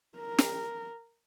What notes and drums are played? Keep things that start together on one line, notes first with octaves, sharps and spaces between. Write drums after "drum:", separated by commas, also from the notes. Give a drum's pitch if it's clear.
A#4
drum: snare